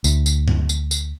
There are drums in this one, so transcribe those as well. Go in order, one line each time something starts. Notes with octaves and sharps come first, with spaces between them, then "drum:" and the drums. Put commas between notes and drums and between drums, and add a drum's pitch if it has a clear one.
D2, drum: tambourine
drum: tambourine
drum: tom
drum: tambourine
drum: tambourine